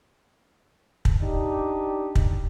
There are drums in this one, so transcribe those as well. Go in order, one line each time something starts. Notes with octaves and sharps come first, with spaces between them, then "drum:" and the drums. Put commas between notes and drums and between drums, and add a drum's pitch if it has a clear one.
drum: kick
D4 D#4 G4
drum: kick